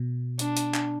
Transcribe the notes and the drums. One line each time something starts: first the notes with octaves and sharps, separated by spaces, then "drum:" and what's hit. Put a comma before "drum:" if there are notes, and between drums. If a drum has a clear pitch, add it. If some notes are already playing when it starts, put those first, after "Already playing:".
Already playing: B2
D4, drum: hi-hat
drum: hi-hat
drum: clap